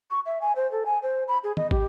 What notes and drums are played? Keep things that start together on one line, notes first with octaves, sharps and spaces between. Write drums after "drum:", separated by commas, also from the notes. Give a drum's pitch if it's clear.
C#6
E5
G#5
C5
A4
G#5
C5
B5
G#4
D#5, drum: tom D#3
G4, drum: kick